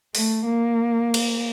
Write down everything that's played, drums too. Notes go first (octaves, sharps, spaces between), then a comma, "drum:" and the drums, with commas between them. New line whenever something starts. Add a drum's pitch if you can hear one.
A3, drum: open hi-hat
A#3
drum: cymbal